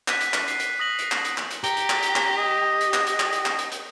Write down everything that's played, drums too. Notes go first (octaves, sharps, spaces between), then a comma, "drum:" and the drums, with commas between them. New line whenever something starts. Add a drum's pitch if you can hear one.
F#6 B6 D#7, drum: clap
drum: hi-hat
drum: clap
C7, drum: hi-hat
drum: hi-hat
D#6 A#6 F#7
drum: hi-hat
drum: clap
drum: hi-hat
drum: clap
drum: hi-hat
G4 A#5, drum: hi-hat
drum: hi-hat
drum: clap
drum: hi-hat
drum: clap
D#5
drum: hi-hat
drum: clap
drum: hi-hat
drum: clap
drum: hi-hat
drum: clap
drum: hi-hat
drum: hi-hat